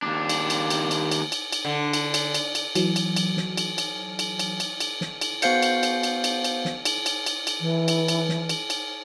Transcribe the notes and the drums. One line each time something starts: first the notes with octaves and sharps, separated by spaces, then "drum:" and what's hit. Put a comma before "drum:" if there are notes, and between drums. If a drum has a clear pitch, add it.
D#2 D4
drum: cymbal
drum: cymbal
drum: cymbal
drum: cymbal
drum: cymbal
drum: cymbal
drum: cymbal
D3
drum: cymbal
drum: cymbal
drum: cymbal
drum: cymbal
E3 F#3, drum: cymbal
drum: cymbal
drum: cymbal
drum: snare
drum: cymbal
drum: cymbal
drum: cymbal
drum: cymbal
drum: cymbal
drum: cymbal
drum: snare
drum: cymbal
B3 F#4 C5 F5 G6 C#7, drum: cymbal
drum: cymbal
drum: cymbal
drum: cymbal
drum: cymbal
drum: cymbal
drum: snare
drum: cymbal
drum: cymbal
drum: cymbal
drum: cymbal
E3
drum: cymbal
drum: cymbal
drum: snare
drum: cymbal
drum: cymbal